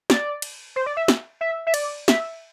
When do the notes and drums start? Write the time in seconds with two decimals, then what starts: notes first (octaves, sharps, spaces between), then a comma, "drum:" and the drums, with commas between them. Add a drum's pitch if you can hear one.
0.10 D5, drum: snare
0.42 drum: cymbal
0.76 C5
0.86 D5
0.97 E5
1.08 drum: snare
1.41 E5
1.67 E5
1.74 D5, drum: cymbal
2.08 E5, drum: snare